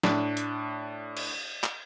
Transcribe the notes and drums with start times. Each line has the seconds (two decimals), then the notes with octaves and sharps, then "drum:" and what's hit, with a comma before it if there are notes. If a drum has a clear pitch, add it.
0.03 A2 D4, drum: snare
0.37 drum: hi-hat
1.17 drum: cymbal
1.64 drum: clap